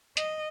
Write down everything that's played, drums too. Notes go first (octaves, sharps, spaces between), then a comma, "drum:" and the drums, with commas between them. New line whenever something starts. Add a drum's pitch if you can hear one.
D#5, drum: hi-hat